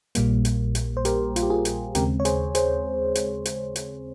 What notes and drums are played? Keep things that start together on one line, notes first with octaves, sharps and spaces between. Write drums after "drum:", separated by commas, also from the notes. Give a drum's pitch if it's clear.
A#1 A#2 G3 A#3, drum: hi-hat
drum: hi-hat
drum: hi-hat
C5
G4 A#4, drum: hi-hat
F4, drum: hi-hat
G4
F4 G#4
drum: hi-hat
D#2 C#3 G#3 C4 G4 A#4, drum: hi-hat
C#5
G#4 C5, drum: hi-hat
G#4 C5, drum: hi-hat
drum: hi-hat
drum: hi-hat
drum: hi-hat